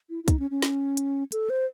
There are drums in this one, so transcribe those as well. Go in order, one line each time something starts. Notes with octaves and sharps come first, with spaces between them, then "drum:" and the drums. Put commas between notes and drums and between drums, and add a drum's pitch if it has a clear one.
E4
E4
D#4, drum: kick, hi-hat
C#4
C#4
drum: snare
drum: hi-hat
A4, drum: hi-hat
C5